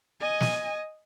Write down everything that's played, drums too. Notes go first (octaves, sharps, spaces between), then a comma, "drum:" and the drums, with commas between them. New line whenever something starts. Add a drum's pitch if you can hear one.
D#5 G#5
drum: snare